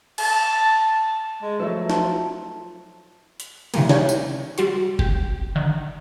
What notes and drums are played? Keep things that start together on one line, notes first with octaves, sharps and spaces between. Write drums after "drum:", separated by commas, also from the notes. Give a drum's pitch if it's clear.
A5, drum: cymbal
G#3
F3 F#3 A3 B4 E5
F4 A5, drum: snare
drum: hi-hat
C#3 E3 F3 G3 A#3, drum: cymbal
C#4 D4 G4 C#5, drum: snare
drum: tambourine
G3 F#4 C6, drum: hi-hat
G4, drum: kick F1
D3 D#3